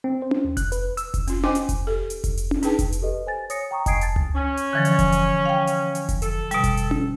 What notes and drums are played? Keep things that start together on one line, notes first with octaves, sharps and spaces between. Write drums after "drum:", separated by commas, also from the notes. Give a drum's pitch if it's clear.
C4
C5
drum: tom C#4
D#2
F#6, drum: kick F1, hi-hat
B4, drum: hi-hat
E6, drum: hi-hat
drum: kick F1, hi-hat
C#4 F4, drum: hi-hat
C5 D#5 G5 G#5 C6 D6, drum: tom C#4
drum: hi-hat
drum: kick F1, hi-hat
G4 A4
drum: hi-hat
drum: kick F1, hi-hat
drum: hi-hat
drum: tom C#4
D4 D#4 G#4 B4 G5 A5, drum: hi-hat
drum: kick F1, hi-hat
drum: hi-hat
G4 A4 B4 D#5
C5 G#5 A6
C#5 D#6 A#6 C#7, drum: hi-hat
G5 A#5 C#6 D#6
D#5 G#5 D#6 G#6 C7 D7, drum: kick F1, hi-hat
A5 A6, drum: hi-hat
drum: tom C#2
C#4
drum: hi-hat
D3 E3 F3
drum: hi-hat
drum: kick F1, hi-hat
drum: hi-hat
F5 G5
drum: hi-hat
drum: hi-hat
drum: kick F1, hi-hat
A4, drum: hi-hat
B2 G3, drum: hi-hat
drum: kick F1, hi-hat
drum: hi-hat
drum: tom C#4